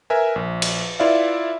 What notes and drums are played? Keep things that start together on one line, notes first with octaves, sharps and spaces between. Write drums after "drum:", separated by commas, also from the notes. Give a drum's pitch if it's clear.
A#4 B4 E5 G#5
A#1
drum: cymbal
E4 F4 B4 D5 E5 F5